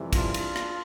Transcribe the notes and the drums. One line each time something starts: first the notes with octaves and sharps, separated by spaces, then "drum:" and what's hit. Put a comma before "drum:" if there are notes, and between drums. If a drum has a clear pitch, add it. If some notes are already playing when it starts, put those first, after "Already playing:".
Already playing: F2 C3 E3 G3
D4 F4, drum: kick, cymbal
drum: cymbal
drum: rim click